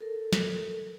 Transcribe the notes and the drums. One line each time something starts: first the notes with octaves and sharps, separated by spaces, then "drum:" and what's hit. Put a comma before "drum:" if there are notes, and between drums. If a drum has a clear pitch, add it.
A4 A#4
drum: snare